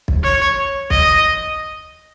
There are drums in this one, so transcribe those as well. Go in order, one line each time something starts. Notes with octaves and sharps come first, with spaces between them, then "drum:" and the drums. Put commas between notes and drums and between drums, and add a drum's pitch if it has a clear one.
drum: kick
C#5
D#5, drum: kick